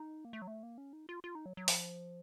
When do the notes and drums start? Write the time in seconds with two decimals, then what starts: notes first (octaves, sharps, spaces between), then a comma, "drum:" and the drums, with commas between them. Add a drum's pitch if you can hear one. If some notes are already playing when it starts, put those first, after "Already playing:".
Already playing: D#4
0.25 A#3
0.33 A3
0.42 F#3
0.48 A3
0.63 A#3
0.78 C#4
0.93 D#4
1.09 F4
1.24 F4
1.35 D#4
1.46 F#3
1.57 F#3
1.68 F3, drum: open hi-hat